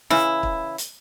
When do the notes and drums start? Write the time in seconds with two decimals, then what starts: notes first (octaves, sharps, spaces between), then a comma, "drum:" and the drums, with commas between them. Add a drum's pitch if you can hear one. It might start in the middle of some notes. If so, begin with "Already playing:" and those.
0.10 C#3 E3 E4, drum: snare
0.43 drum: kick
0.78 drum: hi-hat